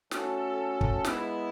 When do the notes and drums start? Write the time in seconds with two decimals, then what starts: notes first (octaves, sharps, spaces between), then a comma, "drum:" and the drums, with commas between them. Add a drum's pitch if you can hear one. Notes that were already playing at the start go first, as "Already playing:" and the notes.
0.11 A3 C#4 F#4 A4, drum: snare
0.81 drum: kick
1.05 G#3 B3 E4, drum: snare